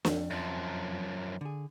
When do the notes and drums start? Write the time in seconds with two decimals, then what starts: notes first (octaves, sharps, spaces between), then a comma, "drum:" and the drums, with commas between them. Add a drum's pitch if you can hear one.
0.05 F2, drum: snare
0.30 F#2 F3
1.41 D3 G#4